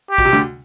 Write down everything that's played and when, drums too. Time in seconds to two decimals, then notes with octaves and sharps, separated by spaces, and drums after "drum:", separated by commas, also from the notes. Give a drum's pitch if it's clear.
0.11 G4
0.18 B2, drum: kick
0.25 C3
0.33 D2 D3